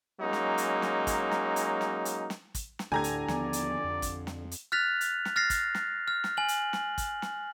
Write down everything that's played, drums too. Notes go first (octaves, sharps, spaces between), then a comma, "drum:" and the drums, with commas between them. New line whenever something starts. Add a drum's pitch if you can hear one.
F#3 G#3 A#3 C#4 D#4
drum: snare
drum: hi-hat
drum: snare
drum: kick, hi-hat
drum: snare
drum: hi-hat
drum: snare
drum: hi-hat
drum: snare
drum: kick, hi-hat
drum: snare
D2 A2 D3 G4 A4 G#5 A#5 G#6
drum: hi-hat
D#2 F3 B3 D5, drum: snare
drum: hi-hat
F2
drum: kick, hi-hat
drum: snare
drum: hi-hat
F6 F#6 A6 B6 F7
drum: hi-hat
drum: snare
F6 A6 A#6 C7
drum: kick, hi-hat
drum: snare
F6
drum: snare
G#5 F#7
drum: hi-hat
drum: snare
drum: kick, hi-hat
drum: snare